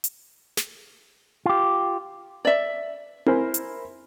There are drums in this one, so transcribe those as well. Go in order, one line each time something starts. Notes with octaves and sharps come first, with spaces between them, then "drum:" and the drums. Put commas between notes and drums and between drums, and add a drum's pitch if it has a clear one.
drum: hi-hat
drum: snare
F4 G4
D5 E5
E4 A#4 C5 G#5 B5, drum: tom C4
drum: hi-hat